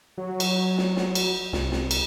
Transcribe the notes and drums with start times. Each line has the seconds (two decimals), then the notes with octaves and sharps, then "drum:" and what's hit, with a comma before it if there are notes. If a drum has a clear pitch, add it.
0.18 F#3
0.40 drum: cymbal
0.78 drum: snare
0.97 drum: snare
1.15 drum: cymbal
1.53 C2, drum: snare
1.72 drum: snare
1.91 drum: cymbal